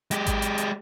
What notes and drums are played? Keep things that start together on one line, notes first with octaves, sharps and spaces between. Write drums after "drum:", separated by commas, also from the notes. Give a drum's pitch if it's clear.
G#3 G4, drum: hi-hat
drum: kick G#1, hi-hat
drum: hi-hat
drum: hi-hat